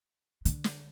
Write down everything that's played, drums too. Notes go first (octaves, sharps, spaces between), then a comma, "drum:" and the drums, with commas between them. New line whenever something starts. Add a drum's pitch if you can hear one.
D3, drum: hi-hat
drum: snare